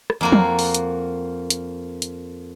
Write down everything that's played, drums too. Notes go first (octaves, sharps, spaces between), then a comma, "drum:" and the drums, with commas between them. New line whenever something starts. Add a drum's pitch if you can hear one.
drum: rim click
F2 A#3 F#4
drum: tom F3
drum: open hi-hat
drum: hi-hat
drum: hi-hat
drum: hi-hat